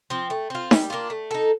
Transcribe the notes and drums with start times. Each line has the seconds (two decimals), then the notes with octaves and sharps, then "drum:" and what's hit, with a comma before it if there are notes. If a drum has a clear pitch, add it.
0.10 F3 C4
0.30 A3
0.50 C4 F4
0.71 G3, drum: snare D#4
0.90 A#3 D4 F4
1.10 A3
1.31 D#4 A4